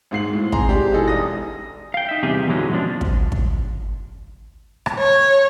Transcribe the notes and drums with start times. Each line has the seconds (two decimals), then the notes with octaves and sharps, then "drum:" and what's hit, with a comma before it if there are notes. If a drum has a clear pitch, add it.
0.11 G#1 G#2 C7 F#7
0.33 A2
0.52 C4 G#4 A#5 C6, drum: kick
0.69 G#3 D4 G4
0.92 B2 E3 D#4 G#4 A4
1.08 E1 D4 D#6 A#6
1.94 F5 G5
2.09 D#4 E5
2.23 E2 C3 G3 G4 G#4
2.47 E2 A#2 D3 D#3 F#3 G#3
2.71 F#2 B2 F3 D4
3.01 drum: kick
3.32 drum: kick
4.86 drum: rim click
4.98 C#5